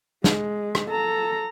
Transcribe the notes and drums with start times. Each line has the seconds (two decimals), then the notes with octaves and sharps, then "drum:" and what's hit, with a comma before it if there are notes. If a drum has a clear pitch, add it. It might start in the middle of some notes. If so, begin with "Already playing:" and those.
0.24 G#3, drum: snare
0.75 drum: rim click
0.90 A4 A#5